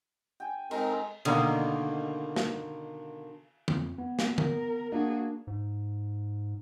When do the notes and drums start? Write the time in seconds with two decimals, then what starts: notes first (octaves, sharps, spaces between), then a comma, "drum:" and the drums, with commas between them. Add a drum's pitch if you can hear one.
0.40 G5 G#5
0.71 G#3 C4 D#4 A4 A#4, drum: cymbal
1.25 B2 D3 D#3 G3 A#3, drum: cymbal
2.36 drum: snare
3.68 F2, drum: tom D3
3.98 B3
4.19 drum: snare
4.38 A#4, drum: tom D3
4.92 A#3 D4 F#4 G#4
5.47 G#2